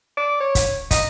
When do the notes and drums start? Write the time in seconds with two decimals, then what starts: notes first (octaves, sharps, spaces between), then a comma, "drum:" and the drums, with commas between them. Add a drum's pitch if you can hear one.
0.17 D5
0.40 C#5
0.55 drum: kick, hi-hat
0.91 D#5, drum: kick, hi-hat